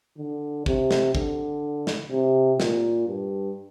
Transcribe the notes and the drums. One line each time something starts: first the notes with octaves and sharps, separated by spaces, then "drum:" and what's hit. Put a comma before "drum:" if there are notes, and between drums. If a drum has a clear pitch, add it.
D3
C3, drum: kick
drum: snare
D3, drum: kick
drum: snare
C3
A#2, drum: snare
G2